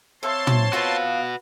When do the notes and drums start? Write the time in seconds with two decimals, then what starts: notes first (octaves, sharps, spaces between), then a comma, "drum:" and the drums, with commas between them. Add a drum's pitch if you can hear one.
0.23 C4 A4 C#5 E5 F5 A5 C6
0.47 drum: tom
0.73 F4 F#4 A4 B4 F5